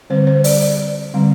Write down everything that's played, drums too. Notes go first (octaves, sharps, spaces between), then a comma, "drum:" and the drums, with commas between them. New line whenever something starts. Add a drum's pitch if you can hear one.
D3 G3 C4 C5
C5
D5, drum: open hi-hat
D5
D3 G3 C4